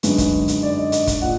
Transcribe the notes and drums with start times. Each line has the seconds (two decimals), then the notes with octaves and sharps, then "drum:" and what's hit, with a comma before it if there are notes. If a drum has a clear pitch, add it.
0.03 F#2 D3 G#3 D#4 B4, drum: hi-hat
0.18 drum: kick, hi-hat
0.48 drum: hi-hat
0.63 D5
0.78 D#5
0.92 D#5, drum: hi-hat
1.07 D#5, drum: kick, hi-hat
1.22 A#2 F#5